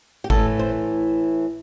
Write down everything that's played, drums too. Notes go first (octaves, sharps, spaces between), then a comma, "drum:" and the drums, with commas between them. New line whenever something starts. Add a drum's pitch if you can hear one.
G4
A2 E3 A3 A4, drum: kick G1
C5